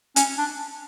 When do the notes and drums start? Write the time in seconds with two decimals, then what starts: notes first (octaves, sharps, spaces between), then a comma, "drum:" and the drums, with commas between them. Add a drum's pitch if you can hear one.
0.16 C#4, drum: hi-hat
0.38 D4